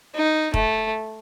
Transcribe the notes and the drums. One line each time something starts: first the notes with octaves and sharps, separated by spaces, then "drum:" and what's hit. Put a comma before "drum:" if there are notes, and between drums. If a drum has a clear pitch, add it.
D#4
A3, drum: kick